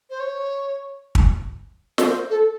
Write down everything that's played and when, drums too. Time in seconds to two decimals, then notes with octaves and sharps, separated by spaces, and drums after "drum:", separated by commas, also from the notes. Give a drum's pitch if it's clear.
0.10 C5
0.20 C#5
1.15 drum: kick
1.98 A#4, drum: snare
2.08 C5
2.30 A4